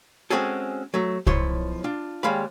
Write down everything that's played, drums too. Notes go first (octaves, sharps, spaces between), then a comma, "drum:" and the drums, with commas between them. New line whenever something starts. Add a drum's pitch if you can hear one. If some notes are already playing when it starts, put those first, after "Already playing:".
G#3 C4 C#4 F#4 G#4 A4
F#3 A3
B1 F3 E4 C#5 C6, drum: kick C2
D4 F4
D#2 G3 G#3 F5 B5